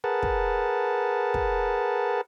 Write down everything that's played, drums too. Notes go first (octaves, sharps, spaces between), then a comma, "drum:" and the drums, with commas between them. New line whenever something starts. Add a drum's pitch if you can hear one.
G#4 A#4 B4 F#5 A5
drum: kick
drum: kick